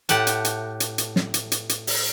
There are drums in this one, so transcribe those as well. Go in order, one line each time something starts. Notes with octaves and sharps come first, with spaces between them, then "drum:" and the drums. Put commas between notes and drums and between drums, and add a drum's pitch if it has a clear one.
A2 G4 F#5 A5, drum: hi-hat
drum: hi-hat
drum: hi-hat
drum: hi-hat
drum: hi-hat
drum: snare
drum: hi-hat
drum: hi-hat
drum: hi-hat
drum: open hi-hat